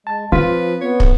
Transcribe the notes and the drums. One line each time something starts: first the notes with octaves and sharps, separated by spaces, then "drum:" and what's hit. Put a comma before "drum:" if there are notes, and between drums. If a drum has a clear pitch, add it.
G#3 A5
F3 C4 F4 B4
B3 C#5
drum: kick